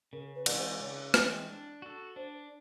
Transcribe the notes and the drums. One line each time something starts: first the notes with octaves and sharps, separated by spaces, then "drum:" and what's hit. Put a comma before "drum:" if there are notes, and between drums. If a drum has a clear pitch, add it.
C#3 A#4
B4
E3 G#3 C4, drum: cymbal
C5
C#3 C#5
E3 G#3 C4, drum: rim click
D4
F#4 A4
D4 C5